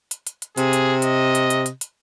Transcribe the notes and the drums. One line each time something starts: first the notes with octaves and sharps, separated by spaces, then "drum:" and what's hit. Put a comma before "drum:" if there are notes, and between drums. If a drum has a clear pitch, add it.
drum: hi-hat
drum: hi-hat
drum: hi-hat
C3 G#4, drum: hi-hat
drum: hi-hat
D#5, drum: hi-hat
drum: hi-hat
drum: hi-hat
drum: hi-hat
drum: hi-hat